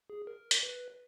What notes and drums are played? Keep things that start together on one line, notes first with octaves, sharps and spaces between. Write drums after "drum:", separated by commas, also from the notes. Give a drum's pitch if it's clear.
G#4
A#4
drum: hi-hat
B4